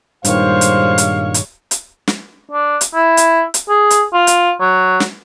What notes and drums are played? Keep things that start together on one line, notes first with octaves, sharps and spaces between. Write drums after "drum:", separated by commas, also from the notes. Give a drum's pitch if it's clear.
G2 A#2 D#3 G3 G#3 C5 C#5 F5, drum: hi-hat
drum: hi-hat
drum: hi-hat
drum: hi-hat
drum: hi-hat
drum: snare
D4
drum: hi-hat
E4
drum: hi-hat
drum: hi-hat
G#4
drum: hi-hat
F4
drum: hi-hat
F#3
drum: snare